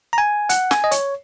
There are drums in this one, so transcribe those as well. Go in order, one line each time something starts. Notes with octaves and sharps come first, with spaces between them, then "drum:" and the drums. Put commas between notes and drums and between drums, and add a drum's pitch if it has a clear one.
A#5
G#5
F#5, drum: hi-hat
G#5, drum: snare
D#5
C#5, drum: hi-hat